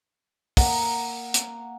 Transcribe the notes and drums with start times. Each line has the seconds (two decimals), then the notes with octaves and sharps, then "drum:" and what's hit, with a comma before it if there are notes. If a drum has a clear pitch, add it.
0.57 A#3 F#5 D#6, drum: kick, open hi-hat
1.34 drum: hi-hat